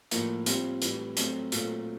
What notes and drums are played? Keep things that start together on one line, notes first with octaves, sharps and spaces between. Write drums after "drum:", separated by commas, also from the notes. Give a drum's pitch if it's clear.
A2 F3 A#3, drum: hi-hat
G3 C4 F4, drum: hi-hat
A2 E3 G3, drum: hi-hat
F#3 A3 C4, drum: hi-hat
A#2 F#3 A3 C4, drum: hi-hat